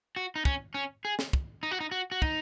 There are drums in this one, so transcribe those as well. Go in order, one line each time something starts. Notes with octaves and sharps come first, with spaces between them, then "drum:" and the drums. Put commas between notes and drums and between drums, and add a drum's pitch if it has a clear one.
F#4
D#4
C#4, drum: kick
C#4
G#4
drum: snare
drum: kick
D#4
F#4
D#4
F#4
F#4
D#4, drum: kick